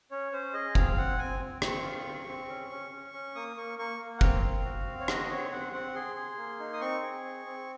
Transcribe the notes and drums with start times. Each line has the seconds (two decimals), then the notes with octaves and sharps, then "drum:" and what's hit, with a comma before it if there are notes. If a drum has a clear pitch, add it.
0.11 C#4 C#5
0.32 C#4 C5
0.53 G#4 D#5
0.75 C4 F5, drum: kick F#1
0.97 C4 F#5
1.18 C4 G#5
1.40 C4
1.62 C4 C#6, drum: rim click
1.83 F4
2.06 C4
2.27 C4
2.48 C#4
2.71 C#4
2.91 C#4
3.13 C#4
3.35 A#3 D#6
3.57 A#3 C#6
3.78 A#3 C#6
4.00 A#3
4.18 F#5
4.21 C4 F5, drum: kick F#1
4.43 C4
4.64 F#4
4.86 C4
5.00 C#5
5.08 F#4 D#5, drum: rim click
5.30 C4 C#5
5.51 C4 F#5
5.73 C4 F#5
5.94 G#4 C6
6.16 G#4
6.37 A#3
6.60 D#4
6.74 D#6
6.81 C4 C#6
7.02 G#4
7.24 C4
7.46 C4